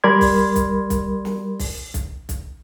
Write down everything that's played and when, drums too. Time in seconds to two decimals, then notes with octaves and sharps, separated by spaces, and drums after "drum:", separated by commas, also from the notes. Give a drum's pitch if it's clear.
0.04 G3 A#4 D5 B5 C6 G#6
0.21 drum: kick B1, open hi-hat
0.56 drum: kick B1, hi-hat
0.90 drum: kick B1, hi-hat
1.25 drum: snare
1.59 drum: kick B1, open hi-hat
1.94 drum: kick B1, hi-hat
2.29 drum: kick B1, hi-hat